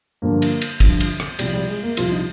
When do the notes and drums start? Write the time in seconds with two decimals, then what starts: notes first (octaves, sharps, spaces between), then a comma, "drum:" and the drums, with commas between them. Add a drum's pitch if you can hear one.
0.22 G2 D3 F3 A#3
0.42 drum: cymbal
0.61 drum: cymbal
0.80 G2 D3 F3, drum: kick, cymbal
1.00 drum: cymbal
1.20 drum: rim click
1.39 C2 C3 F3 G3, drum: cymbal
1.54 G3
1.68 G#3
1.83 A#3
1.97 C2 C3 F3 F4, drum: cymbal
2.12 D#4